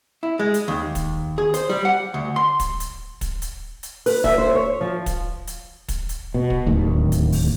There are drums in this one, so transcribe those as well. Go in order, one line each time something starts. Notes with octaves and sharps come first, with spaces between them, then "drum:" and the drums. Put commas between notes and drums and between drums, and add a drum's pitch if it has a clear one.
E4
G#3
drum: hi-hat
D#2
drum: kick, hi-hat
G#4
C5, drum: hi-hat
G3
F#5
D2
C6
drum: kick, hi-hat
drum: hi-hat
drum: kick, hi-hat
drum: hi-hat
drum: hi-hat
B4, drum: open hi-hat
E5, drum: kick
C5
C#5
F3
drum: kick, hi-hat
drum: hi-hat
drum: kick, hi-hat
drum: hi-hat
B2
drum: kick
D1 D#2
drum: hi-hat
drum: open hi-hat